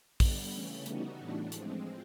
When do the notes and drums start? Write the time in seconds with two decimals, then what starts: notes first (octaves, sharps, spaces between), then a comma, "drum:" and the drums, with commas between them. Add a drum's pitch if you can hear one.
0.20 D3 G3 B3, drum: kick, open hi-hat
0.53 C#3 E3 A3 C#4
0.86 G3 B3 D#4 F#4, drum: hi-hat
1.19 A2 E3 A3 D4
1.52 F3 G#3 C4, drum: hi-hat